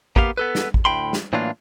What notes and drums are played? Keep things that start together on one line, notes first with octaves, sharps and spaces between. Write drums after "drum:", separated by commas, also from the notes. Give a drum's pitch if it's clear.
A#3 B3 G4 F5, drum: kick A1
B3 A4 B4
drum: snare
drum: kick A1
D2 A2 G5 B5 C6
drum: snare
A2 E3 F#3 A#3 D4 F4